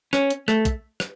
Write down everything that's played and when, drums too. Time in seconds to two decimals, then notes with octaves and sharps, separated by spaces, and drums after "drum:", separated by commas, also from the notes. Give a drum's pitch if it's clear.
0.13 C#4, drum: rim click
0.30 drum: hi-hat
0.48 A3, drum: rim click
0.65 drum: kick, hi-hat
1.00 drum: rim click